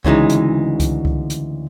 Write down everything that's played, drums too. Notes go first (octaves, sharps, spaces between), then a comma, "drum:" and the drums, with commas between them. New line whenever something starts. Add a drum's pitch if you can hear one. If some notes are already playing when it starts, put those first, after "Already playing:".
D2 C#3 E3 G#3 D#4, drum: kick C2
drum: hi-hat
drum: kick C2, hi-hat
drum: kick C2
drum: hi-hat